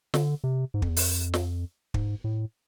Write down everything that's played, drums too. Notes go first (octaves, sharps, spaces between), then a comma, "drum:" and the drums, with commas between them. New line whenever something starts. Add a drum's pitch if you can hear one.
D3, drum: snare
C3
G#2
F2, drum: kick
E2
F2, drum: open hi-hat
drum: snare
G#2, drum: kick
A2